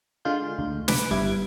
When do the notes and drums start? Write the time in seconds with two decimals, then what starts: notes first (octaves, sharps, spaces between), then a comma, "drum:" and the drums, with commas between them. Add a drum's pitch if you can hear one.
0.25 D3 G#3 F4 G6
0.59 D2
0.88 B4 D6, drum: snare
1.11 G1 G2 E4 D6 G#6